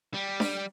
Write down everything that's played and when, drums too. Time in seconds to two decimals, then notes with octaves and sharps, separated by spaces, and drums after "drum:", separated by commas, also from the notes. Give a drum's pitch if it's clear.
0.14 G3
0.40 drum: snare D4